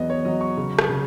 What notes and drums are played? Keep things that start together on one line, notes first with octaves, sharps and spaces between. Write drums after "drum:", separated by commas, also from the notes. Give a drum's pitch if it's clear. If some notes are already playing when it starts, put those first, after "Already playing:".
Already playing: E2 F#3 B3 D#5
C#5
F#3 D#5
C#6
C#3
drum: rim click
C#3